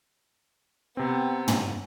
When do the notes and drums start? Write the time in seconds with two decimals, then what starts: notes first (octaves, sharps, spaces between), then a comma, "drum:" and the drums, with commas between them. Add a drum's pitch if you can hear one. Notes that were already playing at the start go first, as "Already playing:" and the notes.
0.97 C3 B3 C4
1.48 drum: tom